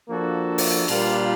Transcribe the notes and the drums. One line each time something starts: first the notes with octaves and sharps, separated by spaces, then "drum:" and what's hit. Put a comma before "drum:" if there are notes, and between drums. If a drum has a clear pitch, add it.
F3 A#3 D4 F#4 A4
drum: open hi-hat
A#2 G3 A#3 D4 F4, drum: cymbal